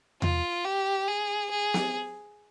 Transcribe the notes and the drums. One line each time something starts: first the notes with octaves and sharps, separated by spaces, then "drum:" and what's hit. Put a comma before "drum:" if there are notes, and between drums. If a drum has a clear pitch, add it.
F4, drum: tom E2
G4
G#4
G#4
drum: snare